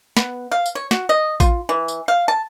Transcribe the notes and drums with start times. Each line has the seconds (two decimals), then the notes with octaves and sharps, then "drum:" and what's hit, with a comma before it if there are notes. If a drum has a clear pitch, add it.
0.17 B3, drum: snare
0.52 F5
0.66 drum: tambourine
0.75 C#5
0.91 F#4, drum: snare
1.09 D#5
1.40 F4, drum: kick A1, tambourine
1.69 E3
1.88 drum: tambourine
2.08 F5
2.28 A5